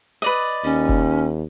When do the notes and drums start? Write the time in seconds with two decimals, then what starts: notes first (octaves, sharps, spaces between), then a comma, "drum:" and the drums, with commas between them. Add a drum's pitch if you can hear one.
0.22 B4 D5 D#5
0.64 D#2 C#4
0.89 drum: kick F1